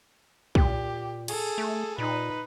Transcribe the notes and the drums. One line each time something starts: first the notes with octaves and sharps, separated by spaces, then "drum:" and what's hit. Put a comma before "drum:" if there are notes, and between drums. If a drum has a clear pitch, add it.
A#2 G4, drum: kick
G#4 A4, drum: cymbal
A3
A#2 D#4 B4